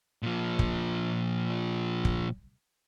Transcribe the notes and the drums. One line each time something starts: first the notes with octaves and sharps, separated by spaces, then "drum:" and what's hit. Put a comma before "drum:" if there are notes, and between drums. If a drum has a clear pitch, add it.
A#2 F3
drum: kick
drum: kick